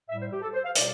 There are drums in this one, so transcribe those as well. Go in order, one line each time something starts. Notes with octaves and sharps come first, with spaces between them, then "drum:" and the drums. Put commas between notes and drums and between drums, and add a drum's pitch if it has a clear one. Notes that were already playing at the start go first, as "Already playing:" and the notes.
A2 G3 E5
C5
G4
A4
C5
F5
B2 G3 D5, drum: hi-hat